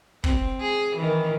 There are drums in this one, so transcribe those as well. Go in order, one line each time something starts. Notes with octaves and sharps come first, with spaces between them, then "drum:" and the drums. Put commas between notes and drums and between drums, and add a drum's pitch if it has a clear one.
C4, drum: kick
G#4
D#3 E3